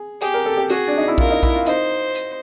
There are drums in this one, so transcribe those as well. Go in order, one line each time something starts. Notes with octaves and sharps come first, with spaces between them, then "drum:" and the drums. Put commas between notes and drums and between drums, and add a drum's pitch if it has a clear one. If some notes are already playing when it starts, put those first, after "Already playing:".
Already playing: G#4
G4 G#4, drum: hi-hat
A#4
A4
G4
F#4 G#4, drum: hi-hat
D4
D#4
E4
F4 A#4, drum: kick A#1
D#4
E4, drum: kick A#1
F4
D#4 C5, drum: hi-hat
drum: hi-hat